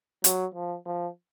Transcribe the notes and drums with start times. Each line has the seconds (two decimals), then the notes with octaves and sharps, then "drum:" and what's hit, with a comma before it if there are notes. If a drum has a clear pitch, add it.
0.24 F#3, drum: hi-hat
0.54 F3
0.86 F3